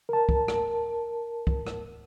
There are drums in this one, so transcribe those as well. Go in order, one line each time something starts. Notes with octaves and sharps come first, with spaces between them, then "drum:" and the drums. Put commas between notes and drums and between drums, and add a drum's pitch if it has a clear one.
A#4 A5
drum: kick
drum: rim click
drum: kick
drum: rim click